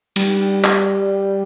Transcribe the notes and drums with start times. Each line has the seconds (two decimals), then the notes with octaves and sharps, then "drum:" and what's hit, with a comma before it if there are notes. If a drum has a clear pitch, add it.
0.16 G3, drum: cymbal
0.64 drum: clap